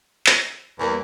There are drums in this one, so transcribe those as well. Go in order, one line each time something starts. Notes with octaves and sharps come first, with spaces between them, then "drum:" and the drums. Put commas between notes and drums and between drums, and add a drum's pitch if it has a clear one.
drum: clap
E2 G3 A#3 C#4